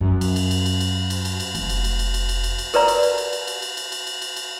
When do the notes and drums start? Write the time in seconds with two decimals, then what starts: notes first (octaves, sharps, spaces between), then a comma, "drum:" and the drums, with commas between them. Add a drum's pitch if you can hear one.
0.01 F#2
0.21 drum: cymbal
0.36 drum: cymbal
0.51 drum: cymbal
0.66 drum: cymbal
0.81 drum: cymbal
1.10 drum: cymbal
1.25 drum: cymbal
1.40 drum: cymbal
1.55 F1, drum: cymbal
1.70 drum: cymbal
1.84 drum: cymbal
1.99 drum: cymbal
2.14 drum: cymbal
2.29 drum: cymbal
2.44 drum: cymbal
2.59 drum: cymbal
2.74 A#4 B4 D5 A#5, drum: cymbal
2.88 drum: cymbal
3.03 drum: cymbal
3.18 drum: cymbal
3.33 drum: cymbal
3.48 drum: cymbal
3.62 drum: cymbal
3.77 drum: cymbal
3.92 drum: cymbal
4.07 drum: cymbal
4.22 drum: cymbal
4.36 drum: cymbal